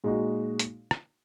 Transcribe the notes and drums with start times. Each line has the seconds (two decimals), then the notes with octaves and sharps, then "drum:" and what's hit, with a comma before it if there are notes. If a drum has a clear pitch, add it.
0.04 A#2 G#3 D#4 F#4
0.59 drum: hi-hat
0.91 drum: rim click